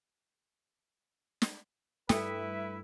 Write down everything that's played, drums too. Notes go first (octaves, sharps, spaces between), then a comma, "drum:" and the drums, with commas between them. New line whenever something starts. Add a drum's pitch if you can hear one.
drum: snare
G2 G3 A3 E4 A4 B4 E5 G5, drum: snare